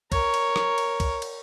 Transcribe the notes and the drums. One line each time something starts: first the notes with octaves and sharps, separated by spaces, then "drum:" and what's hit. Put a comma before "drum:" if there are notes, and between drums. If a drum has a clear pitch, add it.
A#4 C#5, drum: kick, cymbal
drum: cymbal
drum: rim click
drum: cymbal
drum: kick, cymbal
drum: cymbal